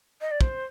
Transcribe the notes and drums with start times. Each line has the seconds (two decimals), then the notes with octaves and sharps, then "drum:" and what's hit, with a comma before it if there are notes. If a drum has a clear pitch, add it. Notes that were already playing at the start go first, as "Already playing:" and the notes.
0.21 D#5
0.31 D5
0.41 C5, drum: kick